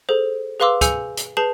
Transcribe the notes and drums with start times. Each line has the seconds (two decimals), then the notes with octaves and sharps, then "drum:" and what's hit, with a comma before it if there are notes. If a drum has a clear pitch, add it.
0.09 G#4 A4 C5
0.60 G#4 B4 F5 C6 D6 E6
0.81 G#4 G#5 E6 G6 C#7, drum: kick, hi-hat
1.17 drum: hi-hat
1.37 G#4 B4 A5 G6 C7 F#7